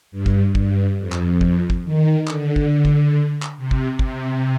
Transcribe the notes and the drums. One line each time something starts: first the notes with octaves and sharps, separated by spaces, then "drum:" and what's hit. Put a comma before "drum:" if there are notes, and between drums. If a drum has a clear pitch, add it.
G2
drum: kick
G2, drum: kick
F2
drum: clap
drum: kick
drum: kick
D#3
D3, drum: clap
drum: kick
drum: kick
drum: clap
C3
drum: kick
C3, drum: kick